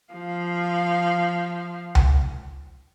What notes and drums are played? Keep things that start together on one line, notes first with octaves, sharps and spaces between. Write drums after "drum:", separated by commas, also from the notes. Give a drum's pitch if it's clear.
F3 F5
drum: tom C#2